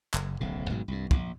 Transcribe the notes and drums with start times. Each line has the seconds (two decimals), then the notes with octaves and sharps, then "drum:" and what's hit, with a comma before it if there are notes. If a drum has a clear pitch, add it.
0.14 F#1, drum: clap
0.40 D1 B1 C#3
0.70 G#1 G#2 B2 F#3
0.88 C2 G2
1.11 A#1, drum: kick